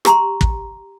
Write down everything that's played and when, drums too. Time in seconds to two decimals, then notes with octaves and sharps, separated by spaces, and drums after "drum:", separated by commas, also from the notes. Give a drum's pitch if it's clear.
0.05 G4 A#5 C6, drum: rim click
0.41 drum: kick